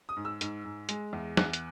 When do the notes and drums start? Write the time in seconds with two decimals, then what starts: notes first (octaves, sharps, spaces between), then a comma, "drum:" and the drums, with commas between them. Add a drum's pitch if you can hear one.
0.09 D#6
0.17 G#2
0.25 E6
0.41 G#2, drum: hi-hat
0.65 G#2
0.89 G#3, drum: hi-hat
1.13 E2
1.37 E2 F#6, drum: snare
1.53 drum: hi-hat